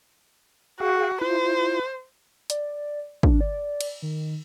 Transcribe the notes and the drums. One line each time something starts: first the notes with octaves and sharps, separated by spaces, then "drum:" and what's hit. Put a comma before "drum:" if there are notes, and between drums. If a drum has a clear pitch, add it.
F#4 G#4 F5 G5
E4 F4 C5
D5, drum: hi-hat
D4, drum: kick
D5
drum: cymbal
D#3